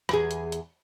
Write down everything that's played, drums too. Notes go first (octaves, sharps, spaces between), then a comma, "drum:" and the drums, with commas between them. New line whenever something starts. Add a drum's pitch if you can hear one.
E2 G#4, drum: rim click
drum: hi-hat
drum: hi-hat